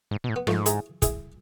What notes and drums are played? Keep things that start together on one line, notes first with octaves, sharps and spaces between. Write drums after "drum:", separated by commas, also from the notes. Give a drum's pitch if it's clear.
G#2
B2
A2
B3
G#2 F3 A3, drum: rim click
E4 G#4, drum: hi-hat
E4 G#4, drum: kick, hi-hat